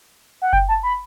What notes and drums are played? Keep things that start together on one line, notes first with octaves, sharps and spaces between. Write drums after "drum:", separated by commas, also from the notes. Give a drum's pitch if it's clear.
F#5
G5, drum: kick F#1
A5
B5